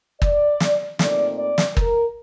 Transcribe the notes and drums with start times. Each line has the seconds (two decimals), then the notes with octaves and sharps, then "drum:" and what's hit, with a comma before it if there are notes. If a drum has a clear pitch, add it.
0.22 D5, drum: kick
0.60 drum: snare
0.99 A#2 A3 C4 D#4 D5, drum: snare
1.38 D5
1.58 drum: snare
1.77 A#4, drum: kick